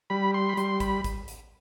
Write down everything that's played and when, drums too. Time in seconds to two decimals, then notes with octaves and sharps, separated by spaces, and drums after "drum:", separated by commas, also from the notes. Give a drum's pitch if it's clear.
0.10 G3 B5
0.34 C6
0.49 B5
0.57 G3 C6, drum: hi-hat
0.80 B5, drum: kick, hi-hat
1.04 drum: kick, hi-hat
1.28 drum: hi-hat